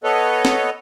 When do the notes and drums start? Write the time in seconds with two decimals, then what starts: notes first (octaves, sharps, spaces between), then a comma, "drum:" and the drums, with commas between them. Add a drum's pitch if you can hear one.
0.04 B3 A4 B4 C#5 D#5
0.45 drum: snare